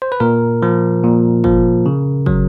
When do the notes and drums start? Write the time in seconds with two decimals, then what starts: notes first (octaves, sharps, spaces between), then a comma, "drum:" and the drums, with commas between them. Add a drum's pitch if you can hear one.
0.02 C5
0.12 B4
0.20 A#2 A#4
0.62 F3
1.03 A#2
1.44 F3, drum: kick
1.86 C#3
2.26 F#3, drum: kick